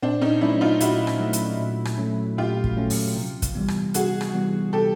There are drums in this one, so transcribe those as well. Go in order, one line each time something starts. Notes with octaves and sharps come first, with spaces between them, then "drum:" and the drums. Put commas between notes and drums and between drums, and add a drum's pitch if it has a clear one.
A#2 C4 D4
C#4 D#4
F#3 A3 C#4 D4 E4
D#4 F4
A#2 E4 F#4, drum: hi-hat
drum: rim click
F#3 A3 C#4
drum: hi-hat
A#2
drum: rim click
F#3 A3 C#4
A#2 F4 G4
drum: kick
F#3 A3 C#4
drum: open hi-hat
C3
drum: kick, hi-hat
E3 G3 B3
drum: rim click
C3 F#4 G#4, drum: hi-hat
drum: rim click
E3 G3 B3
C3 G4 A4